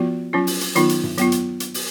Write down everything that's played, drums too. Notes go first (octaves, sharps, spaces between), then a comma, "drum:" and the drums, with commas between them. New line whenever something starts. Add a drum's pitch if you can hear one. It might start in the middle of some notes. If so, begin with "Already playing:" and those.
Already playing: F3 B3 F4 F#4
F#3 C#4 F4
drum: open hi-hat
drum: hi-hat
D#3 F#3 B3 D#4 F4, drum: hi-hat
drum: hi-hat
drum: tom G2
F#3 B3 F4, drum: hi-hat
drum: hi-hat
drum: hi-hat
drum: open hi-hat